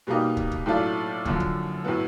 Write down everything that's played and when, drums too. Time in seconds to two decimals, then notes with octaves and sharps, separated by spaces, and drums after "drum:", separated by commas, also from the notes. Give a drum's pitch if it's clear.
0.07 B2 G3 A#3 D#4 G4
0.37 drum: kick
0.51 drum: kick
0.66 A2 F#3 A3 D4 F4
1.25 F#2 D3 F3, drum: kick
1.40 drum: kick
1.85 A2 F#3 B3